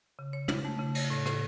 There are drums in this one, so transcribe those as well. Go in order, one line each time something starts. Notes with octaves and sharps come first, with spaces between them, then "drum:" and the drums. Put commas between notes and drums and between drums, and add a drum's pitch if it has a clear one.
C#3
C#5
E4, drum: tom
A3
C#3
C#5, drum: cymbal
A2
A2, drum: rim click